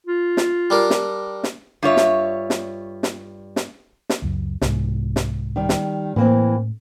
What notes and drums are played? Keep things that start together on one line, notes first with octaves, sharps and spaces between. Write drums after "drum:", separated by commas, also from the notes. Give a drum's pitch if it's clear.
F4
drum: snare
G3 D4 A#4
drum: snare
drum: snare
G2 F4 C#5 E5
drum: snare
drum: snare
drum: snare
drum: snare
drum: snare
C#2 F#2
C2 G#2, drum: snare
drum: snare
D#3 G3
drum: snare
A2 E3 A#3 C4